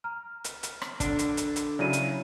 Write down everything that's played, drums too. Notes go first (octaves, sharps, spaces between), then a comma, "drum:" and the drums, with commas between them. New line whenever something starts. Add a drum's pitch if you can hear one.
A#5 F6
drum: hi-hat
drum: hi-hat
drum: rim click
D3 D4, drum: kick, hi-hat
drum: hi-hat
drum: hi-hat
drum: hi-hat
C#3 F#3 E4 D5 D#7
drum: hi-hat